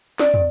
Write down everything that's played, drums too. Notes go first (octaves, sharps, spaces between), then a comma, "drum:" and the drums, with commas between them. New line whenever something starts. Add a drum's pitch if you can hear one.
D5, drum: snare
drum: tom